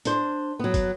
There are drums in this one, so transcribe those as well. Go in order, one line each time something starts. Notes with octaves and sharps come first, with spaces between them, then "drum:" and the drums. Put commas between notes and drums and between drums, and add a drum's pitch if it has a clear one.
D4 C5, drum: hi-hat
F#3 B3
drum: kick, hi-hat